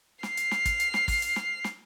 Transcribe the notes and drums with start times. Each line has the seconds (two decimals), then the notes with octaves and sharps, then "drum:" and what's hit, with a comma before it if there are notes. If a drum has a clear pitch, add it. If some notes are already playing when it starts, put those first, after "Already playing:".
0.23 F6 C7, drum: snare
0.37 drum: hi-hat
0.51 drum: snare
0.65 drum: kick, hi-hat
0.80 drum: hi-hat
0.94 drum: snare
1.08 drum: kick, open hi-hat
1.22 drum: hi-hat
1.36 drum: snare
1.64 drum: snare